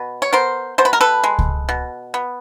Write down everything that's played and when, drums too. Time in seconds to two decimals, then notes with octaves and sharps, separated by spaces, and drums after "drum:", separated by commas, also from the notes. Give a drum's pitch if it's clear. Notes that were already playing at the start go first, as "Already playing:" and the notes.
Already playing: B2 B4
0.22 C#5
0.32 B3 A#4 C5
0.78 B2 C5
0.85 B4
0.93 A#4
1.01 A4 B4
1.24 G#3
1.39 drum: kick C#2
1.69 B2
2.14 B3